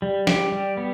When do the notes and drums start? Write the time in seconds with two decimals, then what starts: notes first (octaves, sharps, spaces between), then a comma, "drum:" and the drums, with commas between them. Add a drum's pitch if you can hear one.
0.02 G3
0.27 G4, drum: snare
0.52 G3
0.77 B3